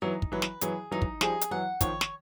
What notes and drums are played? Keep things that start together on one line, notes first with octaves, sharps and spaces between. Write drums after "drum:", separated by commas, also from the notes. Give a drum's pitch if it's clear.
E3 F#3 D#4
drum: kick
E3 F#3 B4
drum: snare
E3 F#3 G#4, drum: hi-hat
E3 F#3 D#4
drum: kick
F3 G3 G#4, drum: snare
drum: hi-hat
E3 F#3 F#5
D#3 F3 C#5, drum: kick, hi-hat
drum: snare